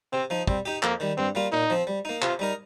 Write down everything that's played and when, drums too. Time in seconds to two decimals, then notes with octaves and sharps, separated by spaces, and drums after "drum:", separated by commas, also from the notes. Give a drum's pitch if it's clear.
0.13 C3 C4
0.30 F3 D#4
0.47 G3 C4, drum: kick
0.65 D#4 G4
0.83 F2 A#3, drum: clap
1.00 D#3 G3
1.17 G2 C4
1.35 G3 A#3 F4
1.52 A#2 D#4
1.70 F3 C4
1.87 G3
2.05 A#3 D#4
2.22 C3 F4, drum: clap
2.39 G3 D#4 A#4